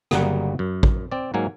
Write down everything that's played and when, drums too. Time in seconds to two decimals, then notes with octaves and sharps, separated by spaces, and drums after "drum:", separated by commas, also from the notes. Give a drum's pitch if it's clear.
0.11 G1 C#3 F#3 G3 A#3 F#5, drum: rim click
0.59 F#2
0.83 drum: kick A1
1.12 C4 D5
1.34 G#2 F#3 A#3 G#5